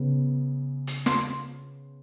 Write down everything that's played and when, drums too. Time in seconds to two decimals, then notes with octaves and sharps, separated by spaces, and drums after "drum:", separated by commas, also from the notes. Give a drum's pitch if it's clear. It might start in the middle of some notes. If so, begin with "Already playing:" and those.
Already playing: C#3 B3
0.87 drum: hi-hat
1.06 C6, drum: snare